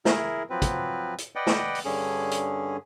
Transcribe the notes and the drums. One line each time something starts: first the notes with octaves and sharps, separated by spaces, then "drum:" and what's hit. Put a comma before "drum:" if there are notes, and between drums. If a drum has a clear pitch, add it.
E4 G#4 A#4, drum: snare
F3 F#3 C4 B4
drum: kick, hi-hat
drum: hi-hat
B4 D5 D#5 F#5 G5
drum: snare
drum: open hi-hat
G2 D3 C#4 G#4
drum: hi-hat